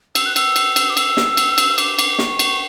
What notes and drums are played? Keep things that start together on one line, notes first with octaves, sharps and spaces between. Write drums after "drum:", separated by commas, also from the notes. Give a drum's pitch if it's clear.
E6, drum: cymbal
F#6
E6, drum: cymbal
drum: cymbal
drum: cymbal
D6
E6, drum: cymbal
drum: snare
drum: cymbal
drum: cymbal
D6, drum: cymbal
drum: cymbal
C#6, drum: snare
drum: cymbal